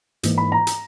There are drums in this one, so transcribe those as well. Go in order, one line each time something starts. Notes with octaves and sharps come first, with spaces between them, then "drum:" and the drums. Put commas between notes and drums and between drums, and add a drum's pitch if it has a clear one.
G#2 E3 A#3, drum: hi-hat
B5
A#5
drum: hi-hat